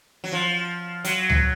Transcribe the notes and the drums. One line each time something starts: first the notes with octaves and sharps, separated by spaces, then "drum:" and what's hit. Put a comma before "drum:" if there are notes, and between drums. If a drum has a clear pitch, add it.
F#3
F3
F#3, drum: hi-hat
drum: tom C#2